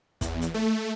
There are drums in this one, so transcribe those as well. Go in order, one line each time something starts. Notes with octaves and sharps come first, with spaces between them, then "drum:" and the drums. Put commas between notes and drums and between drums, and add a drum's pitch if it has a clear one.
E2, drum: kick, hi-hat
drum: hi-hat
A3